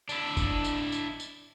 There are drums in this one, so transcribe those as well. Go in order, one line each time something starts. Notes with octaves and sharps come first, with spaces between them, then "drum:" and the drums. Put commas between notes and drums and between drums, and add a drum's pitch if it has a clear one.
D4 E4, drum: tambourine
drum: kick, tambourine
drum: tambourine
drum: tambourine
drum: tambourine